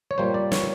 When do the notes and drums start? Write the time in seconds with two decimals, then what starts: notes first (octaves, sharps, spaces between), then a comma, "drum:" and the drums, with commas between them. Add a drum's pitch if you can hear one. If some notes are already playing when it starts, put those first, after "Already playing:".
0.11 C#5
0.18 A#2 G3 A#3 C5
0.34 D5
0.52 C#5, drum: snare